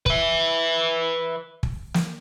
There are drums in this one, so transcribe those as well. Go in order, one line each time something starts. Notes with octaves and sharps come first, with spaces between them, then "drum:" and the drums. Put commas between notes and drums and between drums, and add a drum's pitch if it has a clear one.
B4 E5, drum: kick
drum: kick
drum: snare